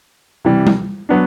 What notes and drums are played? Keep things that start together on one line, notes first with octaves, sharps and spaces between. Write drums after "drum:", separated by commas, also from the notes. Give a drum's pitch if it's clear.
C3 E3 G3
drum: tom G3
F#3 B3 D4